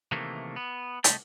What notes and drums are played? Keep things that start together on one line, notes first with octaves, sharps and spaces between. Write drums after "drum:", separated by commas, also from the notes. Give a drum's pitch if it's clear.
C3 D#3 E3 A3 A#3
B3
C2 A3 D#5 E5 G5 A5, drum: hi-hat